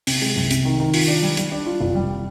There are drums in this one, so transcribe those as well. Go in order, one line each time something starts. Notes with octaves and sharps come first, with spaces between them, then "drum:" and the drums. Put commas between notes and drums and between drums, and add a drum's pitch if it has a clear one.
C3, drum: open hi-hat
G#3
C2
C3, drum: hi-hat
D#3
D#3
F4, drum: open hi-hat
D4
G3
G3, drum: hi-hat
D4
F4
F1
G3